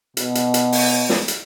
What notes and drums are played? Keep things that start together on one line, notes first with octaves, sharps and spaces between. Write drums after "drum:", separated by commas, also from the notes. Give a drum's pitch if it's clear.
B2, drum: hi-hat
drum: hi-hat
drum: hi-hat
drum: open hi-hat
drum: snare
drum: hi-hat